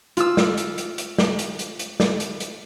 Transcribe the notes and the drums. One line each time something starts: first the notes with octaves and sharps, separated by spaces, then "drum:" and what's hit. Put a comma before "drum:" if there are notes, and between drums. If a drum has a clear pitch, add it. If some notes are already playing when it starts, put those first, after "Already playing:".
F4 E6, drum: hi-hat
drum: snare
drum: hi-hat
drum: hi-hat
drum: hi-hat
drum: snare
drum: hi-hat
drum: hi-hat
drum: hi-hat
drum: snare
drum: hi-hat
drum: hi-hat